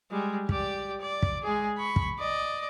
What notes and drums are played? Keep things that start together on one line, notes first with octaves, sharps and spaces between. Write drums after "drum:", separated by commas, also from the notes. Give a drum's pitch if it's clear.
G3 G#3
G4 D5, drum: kick
D5
drum: kick
G#3 G#4
B5 C#6
drum: kick
D5 D#5